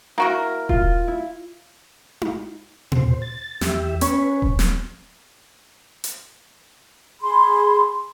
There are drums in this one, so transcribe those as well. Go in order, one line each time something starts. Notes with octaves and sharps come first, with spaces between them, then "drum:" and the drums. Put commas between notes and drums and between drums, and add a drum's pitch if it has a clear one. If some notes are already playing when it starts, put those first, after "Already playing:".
A#3 E4 F#4 A#4
F4, drum: kick D#1
E4
drum: tom D#4
C5, drum: tom A#2
A6
E2 G4 E5, drum: snare
C#4 B4 C#6, drum: hi-hat
drum: kick D#1
drum: snare
drum: hi-hat
G#4 B5 C6